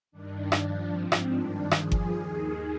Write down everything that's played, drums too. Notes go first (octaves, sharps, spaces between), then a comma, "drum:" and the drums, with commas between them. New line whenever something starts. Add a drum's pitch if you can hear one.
G2 D#3 D4
G2 F3, drum: rim click
G#2 F3 C4
drum: rim click
G2 D#3 D4
G2 F3 G#4, drum: rim click
drum: kick G1
D#2 D#3 G#4